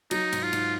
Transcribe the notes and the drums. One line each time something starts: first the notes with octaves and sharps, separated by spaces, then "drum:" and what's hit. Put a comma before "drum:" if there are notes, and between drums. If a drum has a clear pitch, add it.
F#3 D#4, drum: cymbal
G#2, drum: cymbal
F4
G#2, drum: cymbal